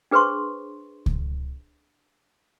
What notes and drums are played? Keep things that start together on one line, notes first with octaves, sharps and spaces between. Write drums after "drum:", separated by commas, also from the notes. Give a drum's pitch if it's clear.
D4 G#4 B4 C5 C6 C#6
drum: kick C#2